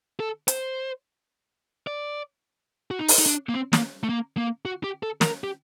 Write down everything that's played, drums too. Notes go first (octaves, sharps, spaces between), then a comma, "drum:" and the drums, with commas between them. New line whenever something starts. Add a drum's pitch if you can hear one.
A4
C5, drum: hi-hat
D5
F#4
D#4
drum: open hi-hat
D#4
D4
A#3
C4
A#3, drum: snare
A3
A#3
A#3
F#4
G4
A4
A#4, drum: snare
G4